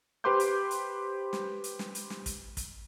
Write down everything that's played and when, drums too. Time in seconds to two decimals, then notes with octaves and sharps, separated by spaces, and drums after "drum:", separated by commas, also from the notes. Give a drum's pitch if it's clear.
0.24 G4 B4 C5 C6 D6 G6
0.40 drum: hi-hat
0.71 drum: hi-hat
1.33 drum: snare
1.64 drum: hi-hat
1.79 drum: snare
1.95 drum: hi-hat
2.10 drum: snare
2.26 drum: kick, hi-hat
2.57 drum: kick, hi-hat